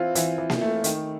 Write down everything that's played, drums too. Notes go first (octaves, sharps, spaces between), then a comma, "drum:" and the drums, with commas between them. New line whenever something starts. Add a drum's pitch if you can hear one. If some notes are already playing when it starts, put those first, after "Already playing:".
Already playing: E3 C4 F4
E3, drum: hi-hat
E3
drum: snare A#3
A3
D#3, drum: hi-hat